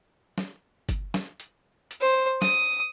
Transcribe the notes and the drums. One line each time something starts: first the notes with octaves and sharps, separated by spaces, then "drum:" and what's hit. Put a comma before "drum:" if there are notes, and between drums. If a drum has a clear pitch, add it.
drum: snare
drum: kick, hi-hat
drum: snare
drum: hi-hat
drum: hi-hat
C5
D#6, drum: snare